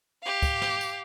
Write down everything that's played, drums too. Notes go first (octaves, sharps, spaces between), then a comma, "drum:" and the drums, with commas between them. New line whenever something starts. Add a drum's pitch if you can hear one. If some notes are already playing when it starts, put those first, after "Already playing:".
G4 F5
drum: kick, tambourine
drum: snare
drum: tambourine